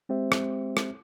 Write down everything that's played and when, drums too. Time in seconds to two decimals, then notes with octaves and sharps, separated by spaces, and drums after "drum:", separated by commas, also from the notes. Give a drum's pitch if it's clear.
0.09 G#3 C4 G4 C5 E5
0.32 drum: rim click
0.77 drum: rim click